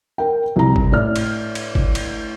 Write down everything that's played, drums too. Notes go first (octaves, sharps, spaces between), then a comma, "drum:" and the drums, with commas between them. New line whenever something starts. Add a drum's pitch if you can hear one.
A#4 G5
C2 A#5
drum: kick G1
A2 D5 F6
drum: cymbal
drum: cymbal
drum: kick G1
drum: cymbal